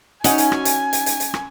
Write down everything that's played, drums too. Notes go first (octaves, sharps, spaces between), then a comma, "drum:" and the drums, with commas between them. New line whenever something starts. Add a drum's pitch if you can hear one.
C#4 D#4 F#4 G#5, drum: hi-hat
drum: hi-hat
drum: rim click
drum: hi-hat
drum: hi-hat
drum: hi-hat
drum: hi-hat
drum: rim click